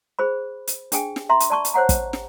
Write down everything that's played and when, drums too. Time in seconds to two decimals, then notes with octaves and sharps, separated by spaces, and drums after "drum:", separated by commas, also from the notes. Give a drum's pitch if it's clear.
0.19 G#4 C5 B5
0.67 drum: hi-hat
0.92 D4 G#4 G5 G#5, drum: hi-hat
1.16 drum: snare
1.29 E5 A#5 C6
1.40 drum: hi-hat
1.50 D5 A5 C#6
1.65 drum: hi-hat
1.74 C5 C#5 F#5 A#5
1.89 drum: kick, hi-hat
2.13 drum: snare